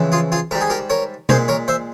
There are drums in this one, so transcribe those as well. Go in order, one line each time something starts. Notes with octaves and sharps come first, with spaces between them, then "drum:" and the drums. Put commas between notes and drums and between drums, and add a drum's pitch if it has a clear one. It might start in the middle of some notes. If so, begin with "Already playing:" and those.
Already playing: F2 C#3 E3 G#3
F4 G#4
F4 G#4
G#2 G3 A#4
G#4
G4 A#4
A#4 C#5
A#2 G#3 G#4 C5, drum: tom B2
A#4 C#5
C5 E5